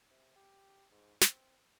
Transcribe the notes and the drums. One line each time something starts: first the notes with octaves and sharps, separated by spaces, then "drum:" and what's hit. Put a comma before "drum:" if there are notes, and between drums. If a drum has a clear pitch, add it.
C3
G4
G#2
C4, drum: snare